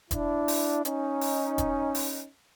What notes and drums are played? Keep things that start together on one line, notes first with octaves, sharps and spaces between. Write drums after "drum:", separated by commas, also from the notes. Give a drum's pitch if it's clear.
D4 E4, drum: kick E1, hi-hat
drum: open hi-hat
C#4 D#4, drum: hi-hat
drum: open hi-hat
drum: kick E1, hi-hat
drum: open hi-hat